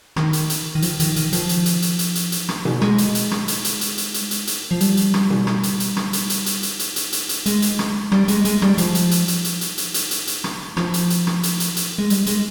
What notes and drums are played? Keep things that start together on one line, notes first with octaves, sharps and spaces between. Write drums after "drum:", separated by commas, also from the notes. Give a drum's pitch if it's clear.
D#3, drum: rim click
drum: hi-hat
drum: hi-hat
D#3
F3, drum: hi-hat
D#3, drum: hi-hat
D#3, drum: hi-hat
F3, drum: hi-hat
drum: hi-hat
drum: hi-hat
drum: hi-hat
drum: hi-hat
drum: hi-hat
drum: hi-hat
drum: rim click
drum: tom B2
G#3, drum: rim click
drum: hi-hat
drum: hi-hat
drum: rim click
drum: hi-hat
drum: hi-hat
drum: hi-hat
drum: hi-hat
drum: hi-hat
drum: hi-hat
drum: hi-hat
F3
G3, drum: hi-hat
drum: hi-hat
drum: rim click
drum: tom B2
drum: rim click
drum: hi-hat
drum: hi-hat
drum: rim click
drum: hi-hat
drum: hi-hat
drum: hi-hat
drum: hi-hat
drum: hi-hat
drum: hi-hat
drum: hi-hat
drum: hi-hat
G#3, drum: hi-hat
drum: hi-hat
drum: rim click
G3, drum: rim click
G#3, drum: hi-hat
G#3, drum: hi-hat
G3, drum: rim click
F3, drum: hi-hat
drum: hi-hat
drum: hi-hat
drum: hi-hat
drum: hi-hat
drum: hi-hat
drum: hi-hat
drum: hi-hat
drum: hi-hat
drum: hi-hat
drum: rim click
F3, drum: rim click
drum: hi-hat
drum: hi-hat
drum: rim click
drum: hi-hat
drum: hi-hat
drum: hi-hat
G#3
G3, drum: hi-hat
G#3, drum: hi-hat